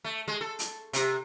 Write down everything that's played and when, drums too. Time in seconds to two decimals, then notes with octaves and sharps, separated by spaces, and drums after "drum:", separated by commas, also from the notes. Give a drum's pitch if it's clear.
0.04 A3
0.28 G#3
0.41 A4
0.59 drum: hi-hat
0.93 C3, drum: hi-hat